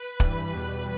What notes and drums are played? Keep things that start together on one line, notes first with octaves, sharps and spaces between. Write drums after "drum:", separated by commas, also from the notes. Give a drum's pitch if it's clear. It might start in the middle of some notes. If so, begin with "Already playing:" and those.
Already playing: B4
G2 E3 G3, drum: kick
E2 B2 G3